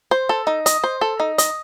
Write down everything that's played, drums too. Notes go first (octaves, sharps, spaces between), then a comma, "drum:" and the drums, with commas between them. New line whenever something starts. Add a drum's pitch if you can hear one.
C5
A4
D#4
D#5, drum: hi-hat
C5
A4
D#4
D#5, drum: hi-hat